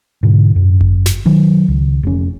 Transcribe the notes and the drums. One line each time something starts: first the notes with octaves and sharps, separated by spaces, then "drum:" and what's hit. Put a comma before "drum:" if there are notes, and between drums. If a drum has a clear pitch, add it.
G#2 B2 D3
F#2
drum: kick G1
drum: snare
D#3 F#3
C#2
F1 C#4